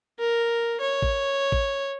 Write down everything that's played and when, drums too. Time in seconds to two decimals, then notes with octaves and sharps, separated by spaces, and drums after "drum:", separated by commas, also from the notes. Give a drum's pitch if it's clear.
0.19 A#4
0.81 C#5
1.02 drum: kick A1
1.52 drum: kick A1